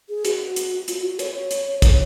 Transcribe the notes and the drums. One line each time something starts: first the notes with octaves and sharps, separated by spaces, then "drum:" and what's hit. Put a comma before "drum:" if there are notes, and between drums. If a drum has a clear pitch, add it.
G#4
F#4, drum: hi-hat
drum: hi-hat
F4, drum: hi-hat
F#4
C#5, drum: hi-hat
drum: hi-hat
C#5, drum: kick, hi-hat